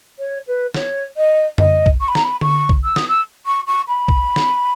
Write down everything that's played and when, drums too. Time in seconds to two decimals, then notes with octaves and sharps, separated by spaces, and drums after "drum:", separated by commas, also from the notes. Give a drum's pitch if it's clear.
0.19 C#5
0.47 B4
0.74 C#5, drum: snare
1.17 D#5
1.58 D#5, drum: tom F#2
1.86 drum: kick
2.00 C#6
2.08 B5
2.15 A#5, drum: snare
2.24 B5
2.41 C#6, drum: tom D3
2.69 drum: kick
2.84 E6
2.96 D#6, drum: snare
3.08 E6
3.46 C#6
3.67 C#6
3.88 B5
4.08 drum: kick
4.36 drum: snare